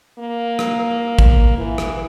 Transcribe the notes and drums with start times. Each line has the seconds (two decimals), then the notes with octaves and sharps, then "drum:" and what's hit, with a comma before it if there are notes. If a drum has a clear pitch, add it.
0.19 A#3
0.59 drum: rim click
1.19 drum: kick
1.58 E3
1.78 drum: rim click